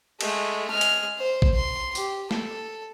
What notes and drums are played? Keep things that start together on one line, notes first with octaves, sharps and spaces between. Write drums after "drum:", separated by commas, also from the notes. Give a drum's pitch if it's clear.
G#3 A3, drum: cymbal
G#3 F6
drum: hi-hat
C5
drum: kick A1
C6
G4, drum: tambourine
A4, drum: snare